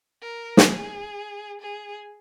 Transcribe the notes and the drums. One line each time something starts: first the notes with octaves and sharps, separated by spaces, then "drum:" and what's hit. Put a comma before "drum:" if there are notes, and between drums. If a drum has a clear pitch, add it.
A#4
G#4, drum: snare
G#4